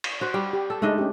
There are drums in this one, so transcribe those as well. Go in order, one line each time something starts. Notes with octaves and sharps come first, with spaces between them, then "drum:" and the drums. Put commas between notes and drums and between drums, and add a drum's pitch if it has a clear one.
drum: cymbal
F#4 C5
G3
G4
A4
G#3 A3 D4 D#4 D#5
C#4 G4